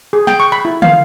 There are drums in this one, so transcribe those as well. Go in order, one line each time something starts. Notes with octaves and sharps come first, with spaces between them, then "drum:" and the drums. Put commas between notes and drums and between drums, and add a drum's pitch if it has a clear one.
G#4
G5, drum: snare
C#6
B5
E4
F5, drum: tom